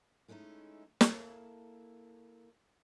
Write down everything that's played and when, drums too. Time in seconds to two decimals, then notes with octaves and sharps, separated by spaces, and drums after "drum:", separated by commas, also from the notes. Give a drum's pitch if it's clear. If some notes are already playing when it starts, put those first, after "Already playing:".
0.28 G#3 A3 C#4 D#4 E4
1.01 A#3 E4 A4 A5, drum: snare